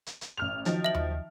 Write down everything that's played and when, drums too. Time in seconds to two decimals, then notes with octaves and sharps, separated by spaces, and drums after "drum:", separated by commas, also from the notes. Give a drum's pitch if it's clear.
0.06 drum: hi-hat
0.21 drum: hi-hat
0.37 A1 F6 F7
0.65 D#3 F3 F#3, drum: hi-hat
0.84 E5 F#7
0.95 drum: tom D#2